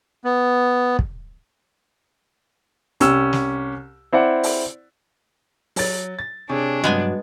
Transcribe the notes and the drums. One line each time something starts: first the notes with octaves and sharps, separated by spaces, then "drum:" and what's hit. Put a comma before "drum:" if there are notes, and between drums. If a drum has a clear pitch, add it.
B3
drum: kick
C2 C#4 G4 E6, drum: hi-hat
drum: snare
C4 E4 D5 F#5
drum: open hi-hat
F#3 A6, drum: open hi-hat
A6
C3 D4 G#4 C#5
G2 F#3 G#3 B3 G#5